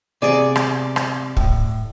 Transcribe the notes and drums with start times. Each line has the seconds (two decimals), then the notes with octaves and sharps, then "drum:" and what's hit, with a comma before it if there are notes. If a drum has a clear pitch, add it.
0.22 C3 B3 G#4 D5
0.56 drum: rim click
0.96 drum: rim click
1.37 A2, drum: kick